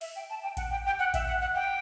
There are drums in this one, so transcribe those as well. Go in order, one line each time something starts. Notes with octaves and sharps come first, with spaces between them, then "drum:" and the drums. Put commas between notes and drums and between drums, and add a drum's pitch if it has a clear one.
E5, drum: open hi-hat
G5
A5
G5
F#5, drum: kick A1, hi-hat
G5
G5
F#5
E5, drum: kick A1, hi-hat
F#5
F#5
G5